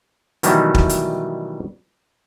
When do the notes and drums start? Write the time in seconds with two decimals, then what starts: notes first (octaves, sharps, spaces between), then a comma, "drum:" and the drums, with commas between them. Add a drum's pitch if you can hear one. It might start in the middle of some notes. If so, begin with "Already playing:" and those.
0.43 B2 D#3 E3 F#3 G3 A3, drum: hi-hat
0.75 drum: kick
0.89 drum: hi-hat